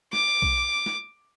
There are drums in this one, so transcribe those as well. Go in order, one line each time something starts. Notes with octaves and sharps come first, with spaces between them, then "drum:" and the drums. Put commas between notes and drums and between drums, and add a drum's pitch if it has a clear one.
D6, drum: snare
drum: kick B1
drum: snare